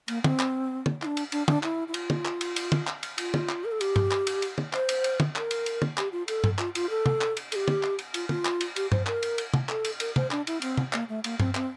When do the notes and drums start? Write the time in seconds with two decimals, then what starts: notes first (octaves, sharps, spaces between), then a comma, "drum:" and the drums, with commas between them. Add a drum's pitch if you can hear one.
0.08 A#3, drum: cymbal
0.24 C4, drum: tom
0.39 drum: clap
0.86 drum: tom
1.02 E4, drum: clap
1.06 D4
1.17 drum: cymbal
1.32 D4, drum: cymbal
1.48 D4, drum: tom
1.63 E4, drum: clap
1.88 E4
1.94 F4, drum: cymbal
2.10 drum: tom
2.25 drum: clap
2.41 drum: cymbal
2.56 drum: cymbal
2.72 drum: tom
2.87 drum: clap
3.03 drum: cymbal
3.18 F4, drum: cymbal
3.34 drum: tom
3.49 drum: clap
3.65 A#4
3.72 A4
3.81 G4, drum: cymbal
3.96 drum: tom G2
4.11 drum: clap
4.27 drum: cymbal
4.42 drum: cymbal
4.58 drum: tom
4.73 C5, drum: clap
4.89 drum: cymbal
5.04 drum: cymbal
5.20 drum: tom
5.36 A#4, drum: clap
5.51 drum: cymbal
5.66 drum: cymbal
5.82 drum: tom
5.97 G4, drum: clap
6.12 F4
6.28 A4, drum: cymbal
6.44 drum: tom G2
6.59 F4, drum: clap
6.75 F4, drum: cymbal
6.90 A4
7.06 drum: tom
7.21 drum: clap
7.37 drum: cymbal
7.52 A4, drum: cymbal
7.56 G4
7.68 drum: tom
7.83 drum: clap
7.99 drum: cymbal
8.14 F4, drum: cymbal
8.29 F4, drum: tom
8.45 drum: clap
8.61 drum: cymbal
8.76 G4, drum: cymbal
8.92 C5, drum: tom G2
9.06 A#4, drum: clap
9.23 drum: cymbal
9.38 drum: cymbal
9.54 drum: tom
9.69 A4, drum: clap
9.85 drum: cymbal
10.00 A#4, drum: cymbal
10.16 C5, drum: tom
10.31 D4, drum: clap
10.47 E4, drum: cymbal
10.62 C4, drum: cymbal
10.77 drum: tom
10.93 A#3, drum: clap
11.09 A3
11.24 A#3, drum: cymbal
11.40 C4, drum: tom G2
11.55 C4, drum: clap